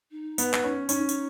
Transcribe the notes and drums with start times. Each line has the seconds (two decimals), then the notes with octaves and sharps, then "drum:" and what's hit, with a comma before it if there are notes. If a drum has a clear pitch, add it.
0.12 D#4
0.38 B3, drum: tambourine
0.54 B3, drum: clap
0.64 C#4
0.89 C#4 D#4, drum: tambourine
1.09 D#4, drum: tambourine